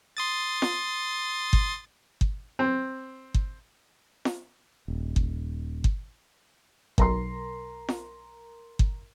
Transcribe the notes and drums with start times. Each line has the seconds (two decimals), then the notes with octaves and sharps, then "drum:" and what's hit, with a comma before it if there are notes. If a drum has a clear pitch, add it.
0.17 C6 D#6 A6
0.62 drum: snare F4
1.53 drum: kick G1
2.21 drum: kick G1
2.59 C4
3.34 drum: kick G1
4.25 drum: snare F4
4.88 D#1
5.16 drum: kick G1
5.84 drum: kick G1
6.98 B1 A#4 A#5 C6, drum: kick G1
7.89 drum: snare F4
8.79 drum: kick G1